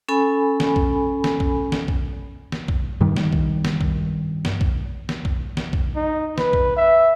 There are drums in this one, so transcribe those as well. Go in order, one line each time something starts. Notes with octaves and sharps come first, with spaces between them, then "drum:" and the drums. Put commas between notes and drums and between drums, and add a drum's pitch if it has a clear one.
C#4 A4 G#5 B5
drum: snare
drum: kick A#1
drum: snare
drum: kick A#1
drum: snare
drum: kick A#1
drum: snare
drum: kick A#1
G2 D#3 G3
drum: snare
drum: kick A#1
drum: snare
drum: kick A#1
drum: snare
drum: kick A#1
drum: snare
drum: kick A#1
drum: snare
drum: kick A#1
D#4
B4, drum: snare
drum: kick A#1
E5